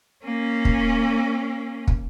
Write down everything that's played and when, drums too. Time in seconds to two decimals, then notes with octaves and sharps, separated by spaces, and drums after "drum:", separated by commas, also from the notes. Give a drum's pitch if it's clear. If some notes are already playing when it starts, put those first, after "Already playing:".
0.24 A#3 C#4
0.65 drum: kick
1.87 drum: kick